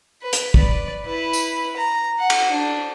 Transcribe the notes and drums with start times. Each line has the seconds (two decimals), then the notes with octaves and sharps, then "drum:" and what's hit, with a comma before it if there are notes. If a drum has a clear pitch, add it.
0.22 B4
0.33 drum: hi-hat
0.54 B4 D5, drum: kick
1.06 E4 B4
1.33 drum: tambourine
1.76 A#5
2.19 F#5
2.30 drum: cymbal
2.50 D4